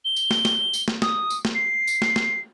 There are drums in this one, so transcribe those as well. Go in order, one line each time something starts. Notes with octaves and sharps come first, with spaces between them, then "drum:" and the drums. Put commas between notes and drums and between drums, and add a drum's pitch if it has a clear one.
G7
drum: tambourine
drum: snare
drum: snare
drum: tambourine
drum: snare
D#6, drum: snare
drum: tambourine
drum: snare
C7
drum: tambourine
drum: snare
drum: snare